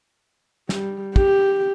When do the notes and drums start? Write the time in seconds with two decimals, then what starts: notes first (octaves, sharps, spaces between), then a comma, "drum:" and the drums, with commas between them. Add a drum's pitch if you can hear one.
0.69 G3, drum: snare
1.16 G4, drum: kick